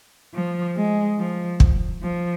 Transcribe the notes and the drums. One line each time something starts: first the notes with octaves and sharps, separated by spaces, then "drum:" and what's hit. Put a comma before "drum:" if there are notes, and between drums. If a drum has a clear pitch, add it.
F3
G#3
F3
drum: kick
F3